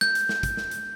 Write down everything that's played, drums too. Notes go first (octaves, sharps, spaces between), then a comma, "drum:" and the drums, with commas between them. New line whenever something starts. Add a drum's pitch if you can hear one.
G6, drum: snare
drum: hi-hat
drum: snare
drum: kick, hi-hat
drum: snare
drum: hi-hat